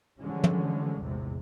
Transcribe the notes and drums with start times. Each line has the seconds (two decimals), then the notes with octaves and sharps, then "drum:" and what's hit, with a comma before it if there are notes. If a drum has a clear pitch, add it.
0.18 D3 E3 F3 G3 G#3 C#4
0.44 drum: tom
1.00 F1 A#1 E2 A2 C3 G#3